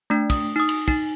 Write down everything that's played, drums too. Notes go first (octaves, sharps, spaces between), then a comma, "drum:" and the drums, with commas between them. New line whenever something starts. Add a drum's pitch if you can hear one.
A3 D4
D#6, drum: kick, cymbal
D#4 D#6
drum: cymbal
D#4, drum: kick